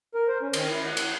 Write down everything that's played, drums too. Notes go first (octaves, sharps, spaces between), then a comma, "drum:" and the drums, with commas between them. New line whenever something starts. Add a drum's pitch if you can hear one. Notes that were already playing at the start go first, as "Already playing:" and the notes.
A#4
C5
C#4
D#3, drum: cymbal
E4
F#5
drum: cymbal